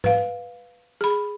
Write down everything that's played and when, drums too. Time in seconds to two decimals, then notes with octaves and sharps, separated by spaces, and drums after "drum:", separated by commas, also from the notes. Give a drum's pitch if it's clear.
0.04 B4 F5, drum: tom G#2
1.01 G#4 B5